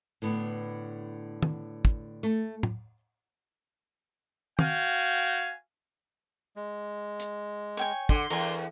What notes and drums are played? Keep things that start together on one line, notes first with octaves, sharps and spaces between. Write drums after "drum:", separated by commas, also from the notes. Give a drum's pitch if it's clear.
A2 D3 B3
drum: tom
drum: kick
A3
drum: tom
F#4 F5 G5 G#5, drum: tom
G#3
drum: hi-hat
C#5 G5 G#5
D3 C6, drum: kick
E2 A#4 G#5